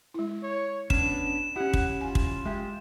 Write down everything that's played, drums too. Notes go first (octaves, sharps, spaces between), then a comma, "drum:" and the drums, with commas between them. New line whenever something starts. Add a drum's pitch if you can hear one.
G#3 E4
C#5
B3 C#4 D4 E7, drum: kick
C#4 E4 G4 F#5
drum: kick
F4 G#5
drum: kick
G#3 G4 E5